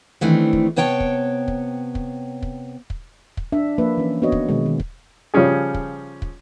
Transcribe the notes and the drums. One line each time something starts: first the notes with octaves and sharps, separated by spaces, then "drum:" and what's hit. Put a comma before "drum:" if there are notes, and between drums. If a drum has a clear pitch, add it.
D#3 E3 A3 C4 D4
drum: kick
C3 B3 C#5 G5 A5
drum: kick
drum: kick
drum: kick
drum: kick
drum: kick
drum: kick
D4 E5
F3 A#3 B4 E5
E3 C#4
B3 D4 F#4 C#5 D#5
drum: kick
B2 D#3 G#3
D#3
drum: kick
C#3 F3 G3 C#4 G#4
drum: kick
drum: kick